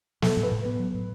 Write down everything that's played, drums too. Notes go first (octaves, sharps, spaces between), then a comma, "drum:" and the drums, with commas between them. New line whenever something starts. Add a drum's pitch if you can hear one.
F#3 A4, drum: snare
A2
B4
A2
B3
F#3
A2